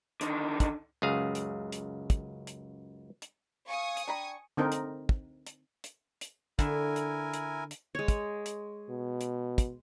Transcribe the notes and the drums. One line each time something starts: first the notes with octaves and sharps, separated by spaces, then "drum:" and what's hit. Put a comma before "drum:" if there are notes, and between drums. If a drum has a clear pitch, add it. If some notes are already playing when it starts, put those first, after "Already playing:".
D3 D#3, drum: hi-hat
drum: kick, hi-hat
C#2 F#2 G#4 F5
drum: hi-hat
drum: hi-hat
drum: kick, hi-hat
drum: hi-hat
drum: hi-hat
F5 G#5 C#6 D#6
drum: hi-hat
D4 G5 A#5 B5
D3 C4 D#4 A#4
drum: hi-hat
drum: kick
drum: hi-hat
drum: hi-hat
drum: hi-hat
D3 E4 A#4 E5 G#5, drum: kick, hi-hat
drum: hi-hat
drum: hi-hat
drum: hi-hat
G#3 C#5
drum: kick, hi-hat
drum: hi-hat
B2
drum: hi-hat
drum: kick, hi-hat